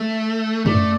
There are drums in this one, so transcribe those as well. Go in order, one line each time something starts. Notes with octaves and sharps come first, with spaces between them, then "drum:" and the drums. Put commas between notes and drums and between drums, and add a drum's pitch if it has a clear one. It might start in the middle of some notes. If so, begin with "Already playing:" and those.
Already playing: A3 E5
A3 D5, drum: tom F#2